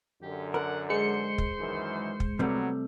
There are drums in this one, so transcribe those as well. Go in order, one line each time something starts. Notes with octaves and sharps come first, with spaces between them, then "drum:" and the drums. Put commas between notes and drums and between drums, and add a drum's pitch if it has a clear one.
F#2 D3 G4
A#4 F#5
G#3 C5 C#7
drum: kick
F#2 D#3 E3
drum: kick
C3 F#3 G3 A3 B3